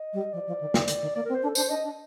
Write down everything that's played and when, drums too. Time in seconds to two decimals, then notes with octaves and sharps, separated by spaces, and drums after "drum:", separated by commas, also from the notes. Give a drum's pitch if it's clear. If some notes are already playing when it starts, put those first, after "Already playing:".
Already playing: D#5
0.13 G3
0.33 F3 D5
0.47 F3
0.60 D#3
0.74 D3, drum: snare
0.88 D#3, drum: hi-hat
1.01 D#3
1.15 A#3 D5
1.25 C4 A#4
1.35 C5
1.42 D4
1.46 A4
1.55 D4 C5, drum: tambourine
1.69 D4 D#5
1.83 D4